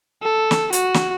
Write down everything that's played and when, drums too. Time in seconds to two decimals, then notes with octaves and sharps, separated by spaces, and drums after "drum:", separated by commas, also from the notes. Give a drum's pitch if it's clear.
0.23 A4
0.51 drum: snare
0.73 F#4, drum: hi-hat
0.94 drum: snare